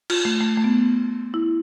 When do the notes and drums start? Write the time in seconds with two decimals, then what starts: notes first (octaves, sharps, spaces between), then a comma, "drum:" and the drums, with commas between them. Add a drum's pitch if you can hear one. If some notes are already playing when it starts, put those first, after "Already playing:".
0.10 F4, drum: cymbal
0.25 A3
0.40 A3
0.57 A3
0.64 B3
1.34 E4